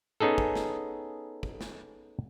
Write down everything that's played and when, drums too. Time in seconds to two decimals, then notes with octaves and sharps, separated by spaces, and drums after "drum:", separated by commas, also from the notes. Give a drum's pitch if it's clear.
0.20 B3 C#4 D#4 G#4 A4
0.38 drum: kick
0.56 drum: snare
1.43 drum: kick
1.61 drum: snare